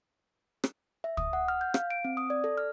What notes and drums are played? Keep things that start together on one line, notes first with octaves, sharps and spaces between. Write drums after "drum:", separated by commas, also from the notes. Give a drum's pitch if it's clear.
drum: rim click
E5
D#6, drum: kick
F#5
F6
G6
F5, drum: rim click
D7
C4
D#6
D5
A4
F6